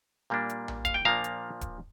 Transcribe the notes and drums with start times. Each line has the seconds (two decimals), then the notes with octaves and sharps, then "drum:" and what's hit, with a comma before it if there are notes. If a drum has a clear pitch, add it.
0.30 A#2 G3 A#3 D4
0.49 drum: hi-hat
0.68 drum: tom A#1
0.85 F5, drum: kick D1, hi-hat
0.94 G5
1.05 A#2 F3 A#3 D4 F5 A#5
1.24 drum: hi-hat
1.61 drum: kick D1, hi-hat